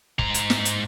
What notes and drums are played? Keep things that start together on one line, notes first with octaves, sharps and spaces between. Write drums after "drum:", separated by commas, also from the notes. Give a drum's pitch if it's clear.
G#2 A#5, drum: kick
drum: hi-hat
drum: snare
drum: hi-hat